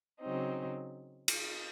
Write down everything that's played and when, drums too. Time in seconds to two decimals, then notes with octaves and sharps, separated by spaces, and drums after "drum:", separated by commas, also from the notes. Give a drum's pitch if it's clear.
0.21 C#3 F#3 C4 D#4
1.28 drum: cymbal